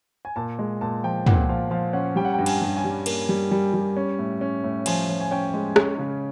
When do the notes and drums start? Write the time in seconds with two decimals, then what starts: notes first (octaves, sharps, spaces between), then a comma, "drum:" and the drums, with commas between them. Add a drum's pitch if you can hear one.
0.25 G#5
0.36 A#2 A5
0.59 G#3
0.81 A#2 A5
1.04 F3 G5
1.26 A#2 F#5, drum: tom
1.49 F3 F5
1.71 F3 F5
1.93 C#4 F#5
2.16 G3 G5
2.25 F#5
2.34 G5
2.39 G2
2.46 G#5, drum: cymbal
2.62 G2
2.77 G#5
2.84 G3
3.06 A#3, drum: cymbal
3.29 G3
3.51 G3
3.74 G3
3.97 C#4
4.19 A2
4.41 C#4
4.64 A2
4.86 F3 G#5, drum: cymbal
5.09 F3
5.20 G#5
5.31 C#4 G5
5.54 G#3
5.76 C#4, drum: rim click
5.98 C#3